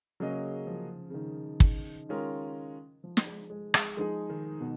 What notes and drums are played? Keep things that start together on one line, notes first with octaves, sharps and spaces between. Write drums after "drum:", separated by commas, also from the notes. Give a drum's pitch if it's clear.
C#3 F#3 A#3 C#4 G#4 D#5
F3
C#3
D#3
drum: kick
D#3 G#3 C#4 F4 A#4
F3
drum: snare
G#3
G#3
G#3, drum: rim click
F3 G#3 D#4 G#4
D#3
B2